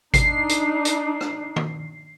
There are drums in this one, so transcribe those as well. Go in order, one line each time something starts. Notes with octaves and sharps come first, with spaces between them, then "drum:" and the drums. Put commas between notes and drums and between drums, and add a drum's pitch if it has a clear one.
D4 D#4 C7, drum: kick G#1, hi-hat
drum: hi-hat
drum: hi-hat
drum: rim click
drum: tom